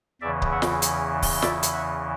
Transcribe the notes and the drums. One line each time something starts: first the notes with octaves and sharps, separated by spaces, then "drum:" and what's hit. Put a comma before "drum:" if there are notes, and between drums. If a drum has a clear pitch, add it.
E2 C#3 E3 D5 E5
drum: kick C#1
E5 F#5
drum: snare
drum: hi-hat
drum: kick C#1, open hi-hat
D5 E5, drum: snare
drum: hi-hat
E5 F#5